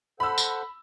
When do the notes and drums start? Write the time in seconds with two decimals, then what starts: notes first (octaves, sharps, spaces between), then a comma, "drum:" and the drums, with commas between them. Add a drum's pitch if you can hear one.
0.20 A4 C5 F#5 B5 E6
0.38 drum: tambourine